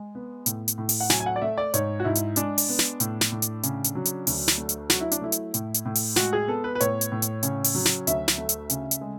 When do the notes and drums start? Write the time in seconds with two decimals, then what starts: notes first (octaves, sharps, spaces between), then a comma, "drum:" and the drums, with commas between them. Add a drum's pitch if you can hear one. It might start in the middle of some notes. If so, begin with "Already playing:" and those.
Already playing: G#3
0.15 B3
0.46 A2, drum: hi-hat
0.68 drum: hi-hat
0.78 A2
0.89 drum: open hi-hat
1.00 F#5
1.10 F#3 G#5, drum: snare
1.20 G#5
1.26 F#5
1.36 D5
1.42 A3 E5
1.58 D5
1.74 G#2 C#5, drum: hi-hat
2.00 F#4
2.04 G#2 E4
2.15 drum: hi-hat
2.36 G#3 D4, drum: hi-hat
2.58 drum: open hi-hat
2.69 B3
2.79 drum: snare
3.00 A2, drum: hi-hat
3.21 drum: snare
3.32 A2
3.42 drum: hi-hat
3.63 C#3, drum: hi-hat
3.84 drum: hi-hat
3.95 F#3
4.05 drum: hi-hat
4.27 D2, drum: open hi-hat
4.48 drum: snare
4.58 A3
4.69 drum: hi-hat
4.90 F#3 F#4, drum: snare
5.00 E4
5.12 D4, drum: hi-hat
5.21 A3 E4
5.32 drum: hi-hat
5.54 A2, drum: hi-hat
5.74 drum: hi-hat
5.85 A2
5.95 drum: open hi-hat
6.16 G#3 F#4, drum: snare
6.33 G#4
6.48 B3 A4
6.64 B4
6.75 B4
6.80 A2 C#5, drum: hi-hat
7.01 drum: hi-hat
7.12 A2
7.22 drum: hi-hat
7.43 C#3, drum: hi-hat
7.64 drum: open hi-hat
7.75 F#3
7.85 drum: snare
8.07 D2 E5, drum: hi-hat
8.28 drum: snare
8.38 A3
8.49 drum: hi-hat
8.70 C#3, drum: hi-hat
8.91 drum: hi-hat
9.01 G#3